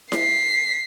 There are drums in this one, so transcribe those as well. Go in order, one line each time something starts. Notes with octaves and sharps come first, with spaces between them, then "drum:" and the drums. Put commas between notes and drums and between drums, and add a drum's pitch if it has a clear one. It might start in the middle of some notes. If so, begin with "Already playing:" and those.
B6 C7, drum: snare E4